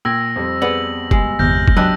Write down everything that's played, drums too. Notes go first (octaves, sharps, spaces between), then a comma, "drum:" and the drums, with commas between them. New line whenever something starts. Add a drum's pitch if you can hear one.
A#2 G5 E6 G#6 A#6
F2 G3 C4
B3 G#4 B4 D5 F#7
G3 G#3, drum: kick
G1 E2 C3 F6 G6 A#6
drum: kick
F#3 D4 G4 B4 D#5 G5 E6